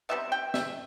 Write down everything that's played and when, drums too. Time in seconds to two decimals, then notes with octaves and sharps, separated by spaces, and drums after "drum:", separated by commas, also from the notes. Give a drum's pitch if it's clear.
0.09 C3 G3 B3 E5
0.32 G5
0.54 E5, drum: snare